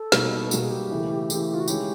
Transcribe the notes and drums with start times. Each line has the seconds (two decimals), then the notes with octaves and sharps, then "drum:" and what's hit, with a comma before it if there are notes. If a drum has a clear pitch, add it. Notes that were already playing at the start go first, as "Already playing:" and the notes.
Already playing: A4
0.12 B2 G3 A#3 D#4 F#4, drum: snare
0.51 B2 G3 A#3 D#4 F#4 G#4, drum: tambourine
0.62 G#4
0.71 G4
0.90 C#3 E3 A3
1.30 C#3 E3 A3, drum: tambourine
1.54 F4
1.60 F#4
1.68 D#3 G#3 C#4 E4 G4, drum: tambourine